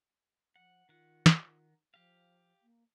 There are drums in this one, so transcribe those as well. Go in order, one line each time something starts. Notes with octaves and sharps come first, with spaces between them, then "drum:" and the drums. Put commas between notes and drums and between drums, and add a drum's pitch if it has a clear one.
F3 F#5
D#3 F4 F#5
drum: snare
F3 G4 F5
A#3